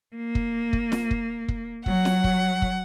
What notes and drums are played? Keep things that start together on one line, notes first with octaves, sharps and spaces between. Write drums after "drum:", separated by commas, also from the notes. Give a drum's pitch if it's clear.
A#3
drum: kick
drum: kick
drum: snare
drum: kick
drum: kick
F#3 F#5, drum: kick
drum: snare
drum: kick
drum: kick